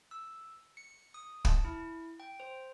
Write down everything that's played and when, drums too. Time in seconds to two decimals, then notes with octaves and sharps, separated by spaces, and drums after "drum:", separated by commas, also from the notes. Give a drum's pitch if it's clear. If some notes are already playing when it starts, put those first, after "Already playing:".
0.11 E6
0.77 C#7
1.14 D#6
1.45 A5, drum: kick
1.65 E4
2.20 G5
2.40 C5